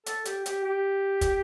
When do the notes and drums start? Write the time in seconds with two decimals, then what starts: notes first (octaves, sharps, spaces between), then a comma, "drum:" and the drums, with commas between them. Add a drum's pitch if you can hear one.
0.06 A4, drum: hi-hat
0.25 G4, drum: hi-hat
0.46 G4, drum: hi-hat
0.64 G4
1.21 drum: kick, hi-hat